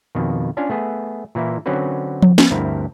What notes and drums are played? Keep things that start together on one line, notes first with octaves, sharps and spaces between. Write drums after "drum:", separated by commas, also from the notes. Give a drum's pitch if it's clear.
F2 B2 D#3
C#4 D4 F4 F5 G#5
A3 B3 G#4
A#2 E3 A#3 E4
D3 F#3 C4 C#4 F#4 B4
drum: tom F3
drum: snare
D2 G2 C4 E4 A#4